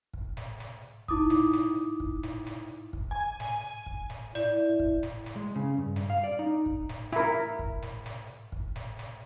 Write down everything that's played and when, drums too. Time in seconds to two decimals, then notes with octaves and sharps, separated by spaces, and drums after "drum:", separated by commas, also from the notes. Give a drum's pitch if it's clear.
0.14 drum: kick
0.37 drum: snare
0.60 drum: snare
1.08 D#4 E4 D6 D#6, drum: kick
1.30 drum: snare
1.53 drum: snare
2.00 drum: kick
2.23 drum: snare
2.47 drum: snare
2.93 drum: kick
3.11 G#5
3.40 drum: snare
3.86 drum: kick
4.10 drum: snare
4.35 E4 D5, drum: snare
4.80 drum: kick
5.03 drum: snare
5.26 drum: snare
5.36 G#3
5.55 C#3
5.78 G2
5.96 drum: snare
6.10 F5
6.24 D5
6.39 D#4
6.66 drum: kick
6.89 drum: snare
7.12 E4 A#4, drum: snare
7.59 drum: kick
7.82 drum: snare
8.06 drum: snare
8.52 drum: kick
8.76 drum: snare
8.99 drum: snare